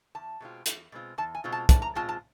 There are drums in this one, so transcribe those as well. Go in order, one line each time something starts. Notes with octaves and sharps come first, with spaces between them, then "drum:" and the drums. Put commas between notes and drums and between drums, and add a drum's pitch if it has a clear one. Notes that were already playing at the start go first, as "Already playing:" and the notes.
E2 A5
B2 G#3 C4 F4
E2, drum: hi-hat
B2 G#3 C4 F4
E2 A5
G#5
B2 G#3 C4 F4
A5
E2 A5, drum: kick, hi-hat
A#5
B2 G#3 C4 F4 A5
A5